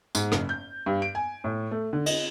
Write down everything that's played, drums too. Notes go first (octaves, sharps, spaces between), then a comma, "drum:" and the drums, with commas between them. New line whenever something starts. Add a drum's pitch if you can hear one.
G#2, drum: tambourine
F#1, drum: rim click
G6
G2
D7
G#5
A2
A3
D3
D#5, drum: cymbal